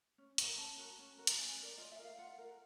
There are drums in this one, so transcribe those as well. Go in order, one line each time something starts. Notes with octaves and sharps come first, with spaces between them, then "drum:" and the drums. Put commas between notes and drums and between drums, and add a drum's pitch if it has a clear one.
C#4
F#4 A#4, drum: hi-hat
C#4 A5
F#4 A#4
C#4
F#4 A#4
drum: hi-hat
C#4 G#5
F#4
A#4 D5
F4 D#5
E5
A#4
F5
F4 F#5
A#4